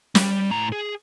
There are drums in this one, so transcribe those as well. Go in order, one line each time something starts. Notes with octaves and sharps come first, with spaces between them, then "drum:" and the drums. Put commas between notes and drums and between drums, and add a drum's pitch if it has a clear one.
G3, drum: snare
A2 A#5
G#4